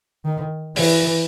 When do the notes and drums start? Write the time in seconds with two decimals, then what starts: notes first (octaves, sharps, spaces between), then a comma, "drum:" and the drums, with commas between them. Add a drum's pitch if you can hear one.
0.25 D#3
0.76 E3, drum: open hi-hat